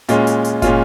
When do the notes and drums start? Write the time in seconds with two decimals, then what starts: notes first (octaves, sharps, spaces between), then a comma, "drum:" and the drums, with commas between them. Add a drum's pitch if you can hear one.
0.09 A#2 G#3 C#4 F4, drum: hi-hat
0.27 drum: hi-hat
0.44 drum: hi-hat
0.62 A#2 G#3 C#4 F4, drum: kick, hi-hat